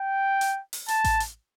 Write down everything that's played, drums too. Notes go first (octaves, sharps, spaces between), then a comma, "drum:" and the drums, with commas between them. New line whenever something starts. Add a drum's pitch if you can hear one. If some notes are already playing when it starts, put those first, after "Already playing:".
Already playing: G5
drum: hi-hat
drum: open hi-hat
A5, drum: hi-hat
drum: kick A1, hi-hat
drum: hi-hat